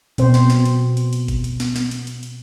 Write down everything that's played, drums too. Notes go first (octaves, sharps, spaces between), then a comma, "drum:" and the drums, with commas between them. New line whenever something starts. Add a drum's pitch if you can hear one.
B2 C4 C5, drum: hi-hat
drum: snare
drum: snare
drum: hi-hat
drum: hi-hat
drum: hi-hat
drum: kick G1, hi-hat
drum: hi-hat
drum: snare
drum: snare
drum: hi-hat
drum: hi-hat
drum: hi-hat